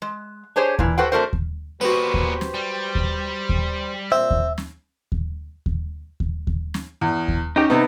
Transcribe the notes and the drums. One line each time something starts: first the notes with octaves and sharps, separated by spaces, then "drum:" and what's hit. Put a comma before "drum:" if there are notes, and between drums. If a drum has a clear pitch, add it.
G#3
D4 G4 G#4 C5 C#5
A#2 E3, drum: kick D#2
F#4 A4 B4 C5 F#5 G5
C3 A3 D4 F#4 A#4 C5
drum: kick D#2
A#2 B3 F#4 G4 B4 C5
drum: kick D#2
drum: snare
G3
drum: kick D#2
drum: kick D#2
A#2 C4 E5
drum: kick D#2
drum: snare
drum: kick D#2
drum: kick D#2
drum: kick D#2
drum: kick D#2
drum: snare
E2
drum: kick D#2
C#4 D#4 G4
C3 B3 D#4